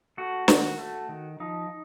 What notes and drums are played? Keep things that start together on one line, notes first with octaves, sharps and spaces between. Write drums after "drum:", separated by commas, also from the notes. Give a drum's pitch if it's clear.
A3 F#4
D#3, drum: snare
A3
D#3
F3 D#4